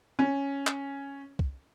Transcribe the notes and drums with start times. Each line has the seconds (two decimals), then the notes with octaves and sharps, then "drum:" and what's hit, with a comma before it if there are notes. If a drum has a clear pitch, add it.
0.19 C#4
0.67 drum: clap
1.39 drum: kick